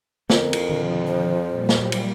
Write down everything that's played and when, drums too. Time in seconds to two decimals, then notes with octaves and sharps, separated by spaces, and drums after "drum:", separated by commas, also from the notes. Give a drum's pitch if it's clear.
0.30 F2 D3 B3 C4 A#4, drum: snare
0.53 drum: cymbal
0.69 B2 D3 D#3 F3
1.07 C5
1.49 A#2 G3
1.69 drum: snare
1.79 F#3
1.92 drum: cymbal